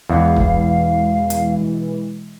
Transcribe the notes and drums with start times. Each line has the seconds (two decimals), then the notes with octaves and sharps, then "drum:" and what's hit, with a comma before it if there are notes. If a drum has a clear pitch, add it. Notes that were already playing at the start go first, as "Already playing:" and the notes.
0.09 E2 B2 E3 G#3 F5
0.36 drum: kick
1.30 drum: hi-hat